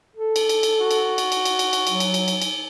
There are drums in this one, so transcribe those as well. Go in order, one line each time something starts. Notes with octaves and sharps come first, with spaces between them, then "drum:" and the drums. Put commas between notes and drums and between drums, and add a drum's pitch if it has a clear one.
A4
drum: cymbal
drum: cymbal
drum: cymbal
F#4
drum: cymbal
drum: cymbal
drum: cymbal
drum: cymbal
drum: cymbal
drum: cymbal
F#3, drum: cymbal
drum: cymbal
drum: cymbal
drum: cymbal
drum: cymbal